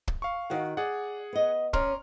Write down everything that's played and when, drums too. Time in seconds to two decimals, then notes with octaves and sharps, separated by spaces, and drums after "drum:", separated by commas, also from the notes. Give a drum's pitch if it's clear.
0.08 drum: kick
0.22 F5 C#6
0.50 D#3 F#4 F#5
0.77 G#4 D5 F#5
1.33 B3 D#5
1.73 C#4 D5 A#5 C6 F6, drum: kick